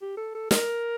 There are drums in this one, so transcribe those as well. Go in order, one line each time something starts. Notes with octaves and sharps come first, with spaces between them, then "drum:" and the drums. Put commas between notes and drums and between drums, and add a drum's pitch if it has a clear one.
G4
A4
A4
A#4, drum: snare